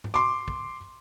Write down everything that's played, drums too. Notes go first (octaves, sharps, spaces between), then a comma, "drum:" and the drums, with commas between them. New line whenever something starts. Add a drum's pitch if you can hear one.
drum: tom G#2
C6 D6
drum: kick